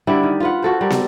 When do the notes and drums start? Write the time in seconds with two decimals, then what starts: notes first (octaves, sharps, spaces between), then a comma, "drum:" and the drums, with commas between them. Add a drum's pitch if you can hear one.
0.07 D3 G3 E4
0.23 D#3
0.40 F4 B4 F#5
0.63 F#4 A4 C5
0.81 G3 A4 A#4
0.90 drum: snare